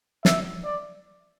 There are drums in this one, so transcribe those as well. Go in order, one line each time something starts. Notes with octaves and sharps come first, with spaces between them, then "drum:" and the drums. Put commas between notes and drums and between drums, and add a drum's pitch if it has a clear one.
E5, drum: snare
D5